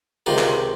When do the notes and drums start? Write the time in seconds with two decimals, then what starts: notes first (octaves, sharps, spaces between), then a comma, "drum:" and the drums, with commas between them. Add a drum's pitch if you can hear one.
0.26 C#2 C3 D#3 F4
0.39 drum: clap